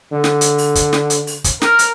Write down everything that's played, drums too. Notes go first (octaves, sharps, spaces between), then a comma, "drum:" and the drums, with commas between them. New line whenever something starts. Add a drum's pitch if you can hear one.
D3
drum: snare
drum: hi-hat
drum: open hi-hat
drum: kick, hi-hat
drum: snare
drum: hi-hat
drum: open hi-hat
drum: kick, hi-hat
A#4, drum: snare
drum: hi-hat